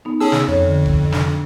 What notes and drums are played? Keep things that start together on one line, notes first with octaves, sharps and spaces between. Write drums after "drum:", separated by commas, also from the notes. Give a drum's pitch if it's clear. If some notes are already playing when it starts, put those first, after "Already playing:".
B3 D#4
C#4 G#4 A5 E6
drum: snare
F2 C#5
D3
drum: kick F1
D4, drum: snare